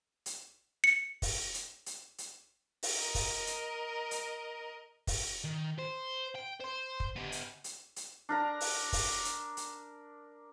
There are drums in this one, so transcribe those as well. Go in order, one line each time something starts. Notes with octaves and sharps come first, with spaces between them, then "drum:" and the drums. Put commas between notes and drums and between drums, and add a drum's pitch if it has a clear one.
drum: hi-hat
C#7
drum: kick, open hi-hat
drum: hi-hat
drum: hi-hat
drum: hi-hat
drum: open hi-hat
A#4 D#5
drum: kick, open hi-hat
drum: hi-hat
drum: hi-hat
drum: kick, open hi-hat
D#3
C5
G5
C5 C6
drum: kick
B3 G4
drum: hi-hat
drum: hi-hat
drum: hi-hat
D4 A#4 A#5
drum: open hi-hat
drum: kick, open hi-hat
drum: hi-hat
drum: hi-hat